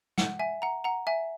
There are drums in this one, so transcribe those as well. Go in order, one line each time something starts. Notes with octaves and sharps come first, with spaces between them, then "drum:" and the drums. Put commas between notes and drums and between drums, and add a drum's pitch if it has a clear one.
F#5, drum: snare
E5 G#5
F#5 A#5
F#5 A#5
E5 G#5